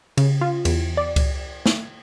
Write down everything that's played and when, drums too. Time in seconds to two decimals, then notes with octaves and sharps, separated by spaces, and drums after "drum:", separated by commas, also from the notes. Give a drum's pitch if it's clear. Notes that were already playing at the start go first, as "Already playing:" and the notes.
0.17 C#3, drum: cymbal
0.41 F4
0.65 E2, drum: cymbal
0.97 D5
1.16 drum: kick C#2, cymbal
1.66 drum: snare